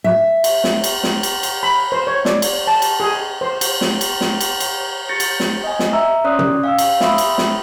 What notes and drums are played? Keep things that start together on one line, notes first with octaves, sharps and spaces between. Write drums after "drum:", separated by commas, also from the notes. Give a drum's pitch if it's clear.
E5
drum: cymbal
drum: snare
drum: cymbal
drum: snare
drum: cymbal
drum: cymbal
B5
C5
C#5
D5, drum: snare
drum: cymbal
A5
drum: cymbal
G#4
C5
drum: cymbal
drum: snare
drum: cymbal
drum: snare
drum: cymbal
drum: cymbal
G4 G6 A6 A#6 C#7
drum: cymbal
drum: snare
D#5 G#5
drum: snare
E5 A#5 E6
C#4 C#5 D5 C6 D#6 F#6
drum: tom
F5 G5 E6
drum: cymbal
E5 B5 C6 D#6 E6, drum: snare
drum: cymbal
drum: snare